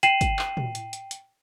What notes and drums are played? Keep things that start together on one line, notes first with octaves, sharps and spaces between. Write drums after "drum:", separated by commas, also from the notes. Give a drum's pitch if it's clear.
G5 C7 D#7 E7 F#7, drum: hi-hat
drum: kick, hi-hat
drum: clap
drum: tom
drum: hi-hat
drum: hi-hat
drum: hi-hat